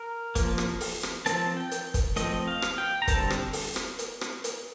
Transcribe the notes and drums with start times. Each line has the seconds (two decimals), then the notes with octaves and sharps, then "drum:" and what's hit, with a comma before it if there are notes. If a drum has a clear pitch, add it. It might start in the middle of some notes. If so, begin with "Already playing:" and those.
Already playing: A#4
0.35 F3 A#3, drum: kick, hi-hat
0.58 drum: rim click
0.81 drum: open hi-hat
1.03 drum: rim click
1.26 F3 A3 C4 A5, drum: hi-hat
1.57 G5
1.71 drum: hi-hat
1.94 drum: kick, hi-hat
2.16 F3 A3 C4 D#5, drum: hi-hat
2.48 F5
2.62 drum: rim click
2.78 G5
3.02 A#5
3.08 D3 G3 C4 A5, drum: kick, hi-hat
3.30 drum: rim click
3.53 drum: open hi-hat
3.76 drum: rim click
3.99 drum: hi-hat
4.21 drum: rim click
4.44 drum: hi-hat